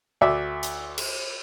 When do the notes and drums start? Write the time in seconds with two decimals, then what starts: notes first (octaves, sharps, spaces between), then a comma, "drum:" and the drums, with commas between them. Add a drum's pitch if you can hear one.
0.21 D2 D5 E5
0.63 drum: hi-hat
0.98 drum: cymbal